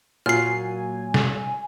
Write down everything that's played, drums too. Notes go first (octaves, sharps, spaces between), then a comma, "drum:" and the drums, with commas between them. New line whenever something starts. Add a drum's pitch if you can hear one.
A#2 F#3 F4 G#5 F6 C7
drum: snare